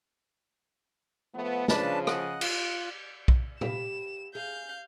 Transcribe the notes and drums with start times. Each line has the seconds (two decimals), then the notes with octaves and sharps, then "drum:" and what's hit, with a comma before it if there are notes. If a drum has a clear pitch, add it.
1.35 F3 A3 B3
1.68 C#3 F3 D4 B4 A5, drum: snare
2.07 D#5 F#5, drum: rim click
2.41 F4 F#6, drum: cymbal
3.28 drum: kick B1
3.61 G4 B4 F5 E7, drum: tom A#2
4.35 G#4 F5 G6